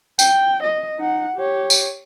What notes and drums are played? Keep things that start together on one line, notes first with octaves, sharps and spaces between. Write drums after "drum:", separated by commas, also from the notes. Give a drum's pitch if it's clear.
G5, drum: tambourine
D#5
D#4 F#5
G4 C#5
drum: tambourine